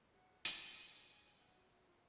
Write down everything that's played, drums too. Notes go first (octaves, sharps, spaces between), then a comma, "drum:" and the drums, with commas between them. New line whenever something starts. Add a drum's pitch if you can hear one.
G4 F#5
G#4
G5, drum: hi-hat
G4
F4 G#5
C#4
D4
F#5
F#4
F#4 F5
F4